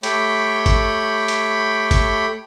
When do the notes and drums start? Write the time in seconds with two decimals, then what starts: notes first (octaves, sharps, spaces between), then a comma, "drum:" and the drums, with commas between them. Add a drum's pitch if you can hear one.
0.03 A3 G4 C#5 G5 B5, drum: hi-hat
0.66 drum: kick, hi-hat
1.28 drum: hi-hat
1.91 drum: kick, hi-hat